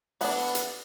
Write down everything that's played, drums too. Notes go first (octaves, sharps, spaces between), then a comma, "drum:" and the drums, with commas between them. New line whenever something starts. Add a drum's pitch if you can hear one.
E3 B3 D4 F#5, drum: open hi-hat
drum: hi-hat